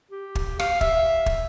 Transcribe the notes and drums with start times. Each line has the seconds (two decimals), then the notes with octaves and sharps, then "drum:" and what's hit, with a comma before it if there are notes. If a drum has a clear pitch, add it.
0.11 G4
0.35 drum: kick
0.60 F5, drum: rim click
0.81 E5, drum: kick
1.26 drum: kick